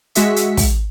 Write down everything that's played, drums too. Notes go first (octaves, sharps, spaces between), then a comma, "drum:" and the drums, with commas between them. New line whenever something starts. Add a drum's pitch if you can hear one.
G#3 F#4 E5 B6 C#7, drum: hi-hat
drum: hi-hat
drum: kick, open hi-hat